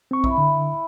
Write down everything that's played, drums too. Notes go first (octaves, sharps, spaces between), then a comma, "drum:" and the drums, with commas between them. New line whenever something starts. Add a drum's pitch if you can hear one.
C4 C#6
E4, drum: kick A#1
D3